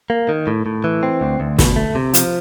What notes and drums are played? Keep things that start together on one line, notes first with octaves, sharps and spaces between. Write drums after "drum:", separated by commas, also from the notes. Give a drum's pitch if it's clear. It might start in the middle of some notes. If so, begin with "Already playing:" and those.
A#3
D#3
A2
A2
E3
C4
D2
D2
B2, drum: snare
A3
C3
F3, drum: hi-hat